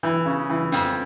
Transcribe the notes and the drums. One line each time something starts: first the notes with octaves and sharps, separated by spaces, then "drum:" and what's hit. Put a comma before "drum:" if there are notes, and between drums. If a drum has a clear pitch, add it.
E3
C#3
E3
F2, drum: hi-hat